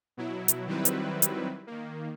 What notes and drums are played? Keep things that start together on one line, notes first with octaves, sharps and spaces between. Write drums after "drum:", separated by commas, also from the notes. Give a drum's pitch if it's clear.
B2 F#3 E4
drum: hi-hat
D#3 F#3 G3 C4 E4 B4
drum: hi-hat
drum: hi-hat
D#3 A#3